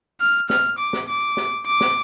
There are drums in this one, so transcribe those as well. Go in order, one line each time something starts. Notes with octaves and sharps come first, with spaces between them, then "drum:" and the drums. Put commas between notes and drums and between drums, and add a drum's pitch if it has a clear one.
F6
F6, drum: snare
D6
drum: snare
D6
drum: snare
D6
drum: snare